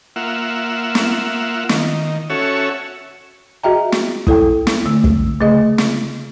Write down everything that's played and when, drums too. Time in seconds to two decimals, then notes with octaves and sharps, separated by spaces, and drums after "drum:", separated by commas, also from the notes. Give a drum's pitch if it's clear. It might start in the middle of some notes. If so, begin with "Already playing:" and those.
0.16 A#3 F4 E5 F#5
0.95 drum: snare
1.69 D#3, drum: snare
2.30 C#4 F#4 A4 C#5 E5
3.63 F#4 G#4 D#5 E5 G5 A#5
3.92 drum: snare
4.27 E4 A4 G5, drum: kick
4.67 drum: snare
4.86 D3 A3 E6
5.04 drum: kick
5.40 C#3 A3 G#4 D#5 D#6
5.78 drum: snare